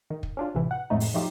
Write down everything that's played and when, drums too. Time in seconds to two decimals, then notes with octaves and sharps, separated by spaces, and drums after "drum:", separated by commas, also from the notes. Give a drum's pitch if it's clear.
0.10 D#3
0.23 drum: kick
0.37 C#4 D4 F4
0.55 A1 C3 E3
0.71 F#5
0.90 F2 A2 G#3 A3 D#4
1.00 drum: open hi-hat
1.14 F3 F#3 A3 D#4 F4 G4